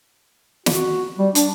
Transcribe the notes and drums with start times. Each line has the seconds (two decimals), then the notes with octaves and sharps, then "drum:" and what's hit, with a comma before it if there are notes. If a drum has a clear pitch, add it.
0.66 F#4, drum: snare
1.19 G3
1.35 D4, drum: hi-hat